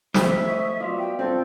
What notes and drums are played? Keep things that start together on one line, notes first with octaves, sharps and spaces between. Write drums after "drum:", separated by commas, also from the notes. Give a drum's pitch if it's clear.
A3 C5 E5, drum: snare
C#5 D#5
F#3 B3 F4 D5
G5
G2 C4 A4